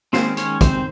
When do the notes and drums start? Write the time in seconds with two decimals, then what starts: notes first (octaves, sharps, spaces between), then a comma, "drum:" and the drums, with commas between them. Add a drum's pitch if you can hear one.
0.13 D#3 G#3 C4 C#4 C5, drum: snare
0.37 C#4 C#5, drum: hi-hat
0.61 C4 C5, drum: kick, hi-hat